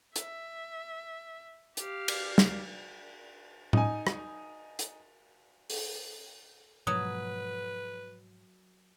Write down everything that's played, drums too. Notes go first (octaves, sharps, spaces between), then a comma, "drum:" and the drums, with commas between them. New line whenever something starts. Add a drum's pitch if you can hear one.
E5, drum: hi-hat
G4 F5, drum: hi-hat
drum: cymbal
drum: snare
D#4 G#5, drum: tom A2
drum: rim click
drum: hi-hat
drum: open hi-hat
G#2 B2 F3 F#3 B4 D#6